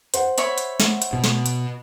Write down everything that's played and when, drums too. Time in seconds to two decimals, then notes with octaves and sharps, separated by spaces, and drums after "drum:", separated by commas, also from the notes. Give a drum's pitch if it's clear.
0.14 C5 F#5, drum: hi-hat
0.38 C#5 E5 B5, drum: hi-hat
0.58 drum: hi-hat
0.80 drum: snare
1.02 drum: hi-hat
1.13 B2
1.24 drum: snare
1.46 drum: hi-hat